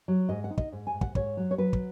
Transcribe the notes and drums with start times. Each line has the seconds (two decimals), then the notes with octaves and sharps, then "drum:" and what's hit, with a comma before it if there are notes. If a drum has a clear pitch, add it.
0.08 F#3
0.29 G#2 D#5
0.44 F#5
0.50 D#4
0.58 D#5, drum: kick
0.73 G#2
0.87 G#5
0.93 G#2
1.01 F#5, drum: kick
1.15 G#2 C#5, drum: kick
1.37 F#3
1.51 C#5
1.58 F#3 B4
1.73 drum: kick